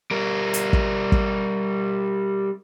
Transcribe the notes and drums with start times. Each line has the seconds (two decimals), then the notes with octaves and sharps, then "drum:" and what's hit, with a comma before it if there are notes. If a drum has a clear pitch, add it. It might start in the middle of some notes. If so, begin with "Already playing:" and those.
0.11 G3 A#4
0.54 drum: hi-hat
0.73 drum: kick
1.12 drum: kick